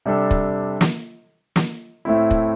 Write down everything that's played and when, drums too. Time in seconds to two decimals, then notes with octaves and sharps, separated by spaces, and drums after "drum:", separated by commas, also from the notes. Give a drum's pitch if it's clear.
0.05 C3 G3 D4 A4
0.31 drum: kick
0.81 drum: snare
1.56 drum: snare
2.05 A2 A3 C4 E4
2.31 drum: kick